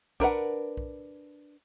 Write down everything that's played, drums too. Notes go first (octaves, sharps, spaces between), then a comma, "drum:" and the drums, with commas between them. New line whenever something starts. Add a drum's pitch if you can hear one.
D4 A#4 B4 F#5, drum: kick B1
drum: kick B1